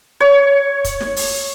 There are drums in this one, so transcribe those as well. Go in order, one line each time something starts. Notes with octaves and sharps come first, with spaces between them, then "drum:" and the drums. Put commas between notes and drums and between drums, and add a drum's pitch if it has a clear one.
C#5
drum: kick, hi-hat
drum: snare
drum: open hi-hat